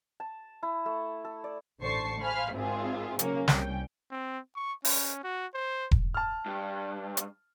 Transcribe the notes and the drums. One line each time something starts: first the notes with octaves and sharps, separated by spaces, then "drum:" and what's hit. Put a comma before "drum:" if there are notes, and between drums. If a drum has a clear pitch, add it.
A5
E4
A3
A4
D5
A1 D3 C5 A5 C#6 C7
C5 F5 G#5 B5 F6 B6
G#1 G#2 C4 F4 G#4 E5
C#3 F#3 A#3 C#4 A#4, drum: hi-hat
C2 G3 C#4 G5, drum: snare
C4
C#6
C#4, drum: open hi-hat
F#4
C5
drum: kick E1
A5 F6
G2
drum: hi-hat